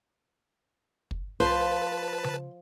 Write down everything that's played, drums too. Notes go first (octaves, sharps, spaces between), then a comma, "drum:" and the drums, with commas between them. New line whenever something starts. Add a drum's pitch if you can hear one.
drum: kick
F3 B4 C5 A5, drum: tom C2
drum: tom C#3